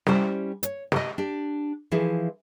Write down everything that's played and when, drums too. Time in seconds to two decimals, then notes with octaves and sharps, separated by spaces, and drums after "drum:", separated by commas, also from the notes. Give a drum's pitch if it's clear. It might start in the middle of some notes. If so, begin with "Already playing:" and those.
0.06 G3 C#4 E4 G4 C5, drum: snare
0.63 C#5, drum: hi-hat
0.92 G4 D#5, drum: snare
1.18 D4 G4
1.91 E3 F3 E4 G#4 A4